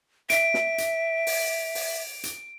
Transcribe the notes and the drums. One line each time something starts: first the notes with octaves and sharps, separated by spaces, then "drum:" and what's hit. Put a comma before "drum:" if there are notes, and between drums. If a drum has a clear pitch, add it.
E5 D7, drum: hi-hat
drum: snare
drum: hi-hat
drum: open hi-hat
drum: open hi-hat
drum: hi-hat